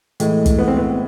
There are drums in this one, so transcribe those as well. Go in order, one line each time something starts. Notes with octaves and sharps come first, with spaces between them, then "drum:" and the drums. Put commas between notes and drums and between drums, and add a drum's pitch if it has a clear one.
A2 E3 G#3, drum: hi-hat
drum: kick, hi-hat
B3
C4
B3